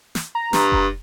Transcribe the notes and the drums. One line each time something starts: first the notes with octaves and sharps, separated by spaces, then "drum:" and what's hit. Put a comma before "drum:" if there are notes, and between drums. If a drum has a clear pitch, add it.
drum: snare
A#5
G2, drum: snare
drum: kick F1